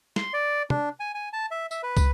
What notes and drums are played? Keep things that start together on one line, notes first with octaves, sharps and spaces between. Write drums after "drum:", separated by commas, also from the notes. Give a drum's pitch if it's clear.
C6, drum: snare
D5
D4, drum: tom
G#5
G#5
A5
E5
E5, drum: tambourine
B4
drum: kick, tambourine